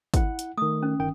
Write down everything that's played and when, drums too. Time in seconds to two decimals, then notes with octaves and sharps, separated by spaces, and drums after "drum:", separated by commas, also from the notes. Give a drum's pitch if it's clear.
0.14 E4 F#5, drum: kick, hi-hat
0.39 drum: hi-hat
0.58 D#3 A3 D#6
0.83 C#4
0.99 G1 D#3 G5